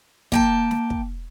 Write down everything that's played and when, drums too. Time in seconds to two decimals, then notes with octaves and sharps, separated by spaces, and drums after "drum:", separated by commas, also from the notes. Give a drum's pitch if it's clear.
0.32 A#3 G5 A5, drum: kick
0.71 drum: snare
0.90 drum: kick